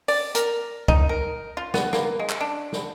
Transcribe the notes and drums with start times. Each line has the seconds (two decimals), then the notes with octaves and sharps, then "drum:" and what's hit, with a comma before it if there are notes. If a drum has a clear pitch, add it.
0.08 D5, drum: open hi-hat
0.35 A#4, drum: hi-hat
0.88 D#4, drum: kick
1.09 A#4
1.57 F4
1.74 B3, drum: snare
1.93 A#3, drum: snare
2.19 G#3
2.29 drum: clap
2.41 D4
2.72 drum: snare